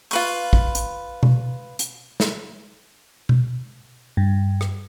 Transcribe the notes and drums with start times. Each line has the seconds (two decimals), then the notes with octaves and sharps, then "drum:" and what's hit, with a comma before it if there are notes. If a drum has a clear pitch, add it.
0.11 F4 B4 C#6, drum: open hi-hat
0.53 drum: kick A1
0.75 drum: hi-hat
1.23 drum: tom B2
1.79 drum: hi-hat
2.20 drum: snare
3.29 drum: tom B2
4.17 G2
4.61 drum: rim click